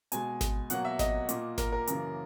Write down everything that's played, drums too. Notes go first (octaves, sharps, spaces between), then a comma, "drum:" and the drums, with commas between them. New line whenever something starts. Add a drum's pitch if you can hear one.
B2 G#3 G#5, drum: hi-hat
drum: snare G#1
B2 F#3 A#3 F#5, drum: hi-hat
E5
D#5, drum: snare G#1
A#2 A#3, drum: hi-hat
A#4, drum: snare G#1
A#4
F#2 C#3 E3 A#3, drum: hi-hat